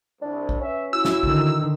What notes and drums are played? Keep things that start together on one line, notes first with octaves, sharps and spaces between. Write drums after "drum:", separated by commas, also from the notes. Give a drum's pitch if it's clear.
C2 D4
drum: kick A#1
C#4 B4 E5
E4 F#4 E6
drum: snare
D3 D#3, drum: kick A#1